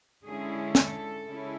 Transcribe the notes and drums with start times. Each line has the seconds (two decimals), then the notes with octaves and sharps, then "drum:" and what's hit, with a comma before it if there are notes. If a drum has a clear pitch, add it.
0.24 D3 G#3 C#4 E4 G#4
0.75 A4, drum: snare
1.24 C#3 G#3 C#4 E4